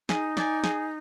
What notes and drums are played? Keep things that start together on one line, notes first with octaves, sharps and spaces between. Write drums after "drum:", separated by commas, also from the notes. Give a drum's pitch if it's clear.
D#4 G#4, drum: snare
D5 G#5, drum: snare
G#4, drum: snare